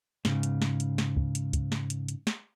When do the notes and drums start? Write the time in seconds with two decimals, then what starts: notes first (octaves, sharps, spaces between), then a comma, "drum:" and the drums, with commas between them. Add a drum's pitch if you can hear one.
0.25 G#2 C#3, drum: snare
0.43 drum: hi-hat
0.62 drum: snare
0.80 drum: hi-hat
0.98 drum: snare
1.17 drum: kick
1.35 drum: hi-hat
1.53 drum: kick, hi-hat
1.72 drum: snare
1.90 drum: hi-hat
2.08 drum: hi-hat
2.27 drum: snare